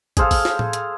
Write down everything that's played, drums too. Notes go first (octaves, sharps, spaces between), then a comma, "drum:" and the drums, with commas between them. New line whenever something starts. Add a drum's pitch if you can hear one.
G#4 A4 C5 F5, drum: kick, hi-hat
drum: kick, open hi-hat
drum: snare
drum: tom A2
drum: hi-hat